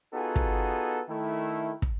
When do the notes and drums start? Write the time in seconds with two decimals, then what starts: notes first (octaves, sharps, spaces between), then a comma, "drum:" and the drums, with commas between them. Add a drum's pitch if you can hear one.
0.13 B3 D#4 F4 F#4 G#4 A4
0.36 drum: kick
1.09 D#3 A3 E4
1.82 drum: kick